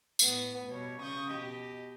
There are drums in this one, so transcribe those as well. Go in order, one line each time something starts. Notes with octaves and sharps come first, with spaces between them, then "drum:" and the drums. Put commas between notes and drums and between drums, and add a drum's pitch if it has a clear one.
A2 B3, drum: tambourine
B2 G3 C#5
C#3 C#6 D#6 G6
B2 G4 D#5